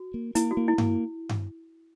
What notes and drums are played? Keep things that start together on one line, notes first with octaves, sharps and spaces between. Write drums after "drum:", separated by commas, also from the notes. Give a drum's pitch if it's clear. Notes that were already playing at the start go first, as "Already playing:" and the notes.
Already playing: F#4
A#3
A#3 E4, drum: hi-hat
F#4
A#3
E4
A#3, drum: tom G2
drum: tom G2